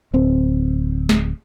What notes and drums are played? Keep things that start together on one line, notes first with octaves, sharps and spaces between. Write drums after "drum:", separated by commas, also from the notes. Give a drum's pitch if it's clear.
D1 C4
drum: snare